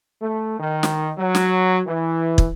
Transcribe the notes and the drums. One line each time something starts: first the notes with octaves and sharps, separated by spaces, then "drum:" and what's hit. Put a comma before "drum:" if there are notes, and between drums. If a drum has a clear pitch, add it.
A3
D#3
drum: snare
F#3
drum: snare
E3
drum: kick